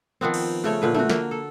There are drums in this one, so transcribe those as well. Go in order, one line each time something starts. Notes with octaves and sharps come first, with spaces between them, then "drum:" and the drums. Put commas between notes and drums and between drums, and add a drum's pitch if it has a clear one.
D#3 F3 B3 C4
drum: cymbal
C#3 A3 C#5
A#2 D3 B4
A3 F#4, drum: tom
A#3, drum: snare
A4